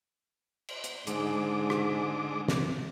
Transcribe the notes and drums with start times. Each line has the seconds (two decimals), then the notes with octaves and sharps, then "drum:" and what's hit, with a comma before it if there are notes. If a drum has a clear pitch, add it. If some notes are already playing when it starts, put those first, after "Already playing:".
0.69 drum: cymbal
0.84 drum: hi-hat
1.07 G#2 D3 G#3 D6, drum: hi-hat
1.70 drum: rim click
2.48 drum: snare